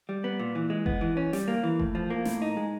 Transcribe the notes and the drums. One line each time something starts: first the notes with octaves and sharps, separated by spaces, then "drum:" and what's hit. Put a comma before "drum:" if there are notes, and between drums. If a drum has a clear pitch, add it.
G3
B3
A#2
E3
G#3
B3, drum: kick F#1
E3
C#4
G3, drum: snare
A#3
E3
A2, drum: kick F#1
F3
A#3
A2, drum: snare
D#4
G#3